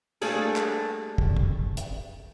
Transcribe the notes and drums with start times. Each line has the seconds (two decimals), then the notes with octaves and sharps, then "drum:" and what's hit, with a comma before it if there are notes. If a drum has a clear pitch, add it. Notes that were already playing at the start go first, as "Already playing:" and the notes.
0.21 G3 A3 A#3 D4 G#4 A4, drum: cymbal
0.56 drum: clap
1.18 drum: kick
1.37 drum: kick
1.77 drum: hi-hat